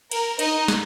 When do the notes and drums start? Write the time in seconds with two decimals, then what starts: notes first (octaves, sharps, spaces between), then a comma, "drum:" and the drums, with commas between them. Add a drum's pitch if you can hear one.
0.11 A#4, drum: cymbal
0.39 D#4 D#5, drum: cymbal
0.68 drum: snare